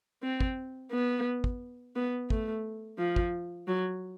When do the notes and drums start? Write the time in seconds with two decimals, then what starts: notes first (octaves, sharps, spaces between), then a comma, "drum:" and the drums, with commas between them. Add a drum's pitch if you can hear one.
0.23 C4
0.41 drum: kick
0.92 B3
1.44 drum: kick
1.96 B3
2.30 A3, drum: kick
2.99 F3
3.16 drum: kick
3.68 F#3